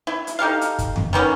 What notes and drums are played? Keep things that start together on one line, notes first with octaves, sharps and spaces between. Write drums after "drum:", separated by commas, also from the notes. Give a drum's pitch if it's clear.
E4
drum: hi-hat
D#4 G4 A4 F5
drum: hi-hat
drum: kick, hi-hat
drum: tom F2
D#3 E3 B3 C#4